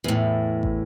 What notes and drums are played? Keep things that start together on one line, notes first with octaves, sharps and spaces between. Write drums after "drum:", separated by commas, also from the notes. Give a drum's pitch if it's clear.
E2 A2
drum: kick